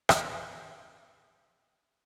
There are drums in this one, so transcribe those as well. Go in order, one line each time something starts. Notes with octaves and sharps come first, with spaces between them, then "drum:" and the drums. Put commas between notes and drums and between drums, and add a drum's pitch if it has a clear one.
drum: rim click
G2 F3 A3 E5 F#5 A#5 D6 F6
A2 D#5 G5 A#5 E6 F7